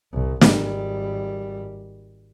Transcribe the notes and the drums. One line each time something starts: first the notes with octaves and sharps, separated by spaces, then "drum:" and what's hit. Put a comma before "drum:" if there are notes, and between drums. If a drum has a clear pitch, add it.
C2
G#1 G3, drum: snare